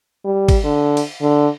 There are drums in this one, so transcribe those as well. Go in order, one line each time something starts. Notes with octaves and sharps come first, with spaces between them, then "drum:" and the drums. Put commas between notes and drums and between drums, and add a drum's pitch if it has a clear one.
G3
drum: kick, cymbal
D3
drum: cymbal
D3